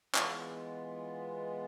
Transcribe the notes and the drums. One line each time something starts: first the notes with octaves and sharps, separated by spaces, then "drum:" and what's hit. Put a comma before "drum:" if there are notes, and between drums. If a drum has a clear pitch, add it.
E3 G#3 B3 F4, drum: clap